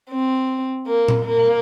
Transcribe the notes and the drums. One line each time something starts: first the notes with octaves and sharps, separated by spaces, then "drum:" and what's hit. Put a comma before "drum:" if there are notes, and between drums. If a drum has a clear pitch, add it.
C4
A#3
drum: tom A#2
A#3